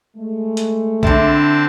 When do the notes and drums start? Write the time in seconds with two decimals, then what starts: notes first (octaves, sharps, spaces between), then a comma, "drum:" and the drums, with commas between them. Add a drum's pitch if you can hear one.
0.17 G#3 A3
0.57 drum: hi-hat
1.03 D3 C4 D4 E4 A5, drum: kick B1